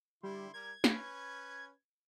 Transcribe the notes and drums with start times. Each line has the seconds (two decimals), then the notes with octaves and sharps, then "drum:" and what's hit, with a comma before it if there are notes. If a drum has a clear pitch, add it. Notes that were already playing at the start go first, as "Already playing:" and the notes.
0.23 D3 G3 E4 C6
0.54 G3 A#4 G#6
0.84 C#4 B4, drum: snare